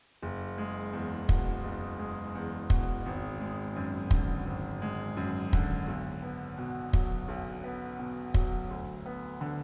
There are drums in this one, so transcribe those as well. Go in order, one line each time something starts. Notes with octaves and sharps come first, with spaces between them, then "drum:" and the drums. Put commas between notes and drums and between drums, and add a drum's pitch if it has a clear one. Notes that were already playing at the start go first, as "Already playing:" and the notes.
F#1
G#3
E2
B2, drum: kick
F#1
G#3
E2
B2, drum: kick
G#1
G#3
F#2
D3, drum: kick
G#1
G#3
F#2
D3, drum: kick
B1
B3
B2
F#3, drum: kick
B1
B3
B2
F#3, drum: kick
D2
B3
D3